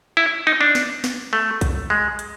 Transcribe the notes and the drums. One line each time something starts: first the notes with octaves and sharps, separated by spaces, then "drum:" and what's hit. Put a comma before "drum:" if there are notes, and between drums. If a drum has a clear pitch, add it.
E4
D#4
D4
drum: snare
drum: snare
A3
drum: kick, hi-hat
G#3
drum: hi-hat